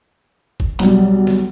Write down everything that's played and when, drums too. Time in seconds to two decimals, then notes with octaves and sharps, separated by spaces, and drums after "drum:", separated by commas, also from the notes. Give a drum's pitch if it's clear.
0.60 drum: kick
0.80 B1 G3, drum: clap
1.27 drum: snare